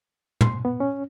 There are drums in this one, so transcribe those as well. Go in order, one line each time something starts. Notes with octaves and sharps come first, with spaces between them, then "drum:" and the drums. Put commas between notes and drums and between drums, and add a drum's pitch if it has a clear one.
C6, drum: tom
B3
C#4